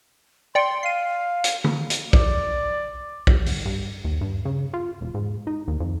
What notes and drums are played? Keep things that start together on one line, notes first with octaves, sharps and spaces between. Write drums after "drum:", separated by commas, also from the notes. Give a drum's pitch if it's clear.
D5 G5 C6 C#7
F5 C7 D#7
drum: hi-hat
drum: tom
drum: hi-hat
D5, drum: kick
C2, drum: kick
G1, drum: open hi-hat
G2
D#2
G2
C#3
F4
E1
G#2
D#4
D#2
F2